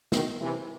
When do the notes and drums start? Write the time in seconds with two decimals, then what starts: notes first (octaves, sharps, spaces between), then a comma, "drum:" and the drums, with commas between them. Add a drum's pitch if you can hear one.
0.12 B2 D#3, drum: snare
0.42 C3 E3